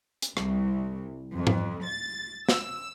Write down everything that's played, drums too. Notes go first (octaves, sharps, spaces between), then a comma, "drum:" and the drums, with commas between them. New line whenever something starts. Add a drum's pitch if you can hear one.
drum: hi-hat
C2, drum: rim click
F2
drum: tom G#2
A6
E6, drum: snare